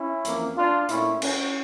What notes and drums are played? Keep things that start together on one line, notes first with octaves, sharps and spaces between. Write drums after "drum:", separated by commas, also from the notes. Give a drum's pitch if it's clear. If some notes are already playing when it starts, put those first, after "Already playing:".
Already playing: C#4 E4
F2 E3 A#3, drum: hi-hat
D4 F4
A#2 A3 C#4 E4, drum: hi-hat
C#4, drum: cymbal